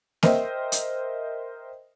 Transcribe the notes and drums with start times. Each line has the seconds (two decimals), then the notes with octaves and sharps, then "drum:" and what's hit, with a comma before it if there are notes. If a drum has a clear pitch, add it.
0.23 A#4 C5 D#5 E5 G5, drum: snare A#3
0.72 drum: hi-hat